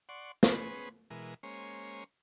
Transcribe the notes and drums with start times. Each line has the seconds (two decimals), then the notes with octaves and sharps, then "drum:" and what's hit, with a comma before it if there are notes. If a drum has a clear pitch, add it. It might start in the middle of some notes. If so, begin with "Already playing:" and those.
0.09 D5 F#5 C6 C#6
0.43 B3 C#4 G#4 B4 C5, drum: snare
1.10 B2 E3 G#3 A#4
1.43 G#3 A#3 C#4 C5 C#5